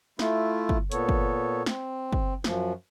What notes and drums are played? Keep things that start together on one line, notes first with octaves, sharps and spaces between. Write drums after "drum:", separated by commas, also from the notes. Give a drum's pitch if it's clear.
A3 E4 F4, drum: snare
drum: kick
A#2 B3 A4 C#5, drum: hi-hat
drum: kick
C4, drum: snare
drum: kick
F#2 F3, drum: snare